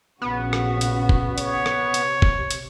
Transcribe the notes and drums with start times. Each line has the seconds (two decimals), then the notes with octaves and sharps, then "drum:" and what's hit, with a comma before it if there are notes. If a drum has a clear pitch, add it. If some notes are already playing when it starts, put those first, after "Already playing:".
0.22 A#1 C#3 B3 F#4
0.53 drum: rim click
0.81 drum: hi-hat
1.09 drum: kick
1.38 C#5, drum: hi-hat
1.66 drum: rim click
1.78 C3
1.94 drum: hi-hat
2.22 drum: kick
2.51 drum: hi-hat